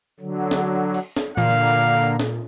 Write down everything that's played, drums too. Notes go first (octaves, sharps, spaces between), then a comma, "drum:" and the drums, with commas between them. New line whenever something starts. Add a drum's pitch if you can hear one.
D3 F#3
drum: snare
drum: open hi-hat
drum: snare
A#2 D3 A#3 F5, drum: tom E3
drum: snare